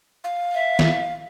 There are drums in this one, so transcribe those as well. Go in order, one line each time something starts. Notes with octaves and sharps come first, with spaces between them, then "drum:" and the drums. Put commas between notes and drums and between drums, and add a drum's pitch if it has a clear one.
F5
E5
drum: snare